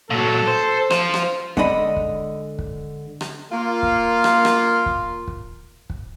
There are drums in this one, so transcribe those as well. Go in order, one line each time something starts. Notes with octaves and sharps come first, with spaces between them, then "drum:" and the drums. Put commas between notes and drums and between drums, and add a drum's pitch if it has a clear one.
A#2 F#3 A4
C5
F4 C5, drum: rim click
drum: rim click
D3 G#3 D5 D#5 B5, drum: kick
drum: kick
drum: kick
drum: rim click
A#3 F4
drum: kick
drum: rim click
drum: rim click
drum: kick
drum: kick
drum: kick